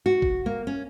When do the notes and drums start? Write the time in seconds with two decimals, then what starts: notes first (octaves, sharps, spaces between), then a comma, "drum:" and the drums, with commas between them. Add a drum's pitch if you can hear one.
0.06 F#4
0.22 drum: kick G#1
0.46 A#3
0.67 C#4